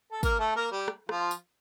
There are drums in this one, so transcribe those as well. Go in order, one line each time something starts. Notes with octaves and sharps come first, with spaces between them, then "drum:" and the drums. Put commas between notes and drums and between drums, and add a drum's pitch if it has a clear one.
A4
A#3 A#4, drum: kick, tambourine
A3 A4
A#3 A#4
G3 G4
drum: rim click
F3 F4, drum: rim click
drum: tambourine